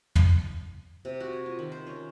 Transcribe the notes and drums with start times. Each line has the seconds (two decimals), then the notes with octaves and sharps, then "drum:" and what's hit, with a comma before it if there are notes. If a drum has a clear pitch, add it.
0.15 drum: tom
1.05 C3
1.20 F#4
1.33 G#5
1.46 F4
1.59 D#3
1.72 C5
1.87 C#4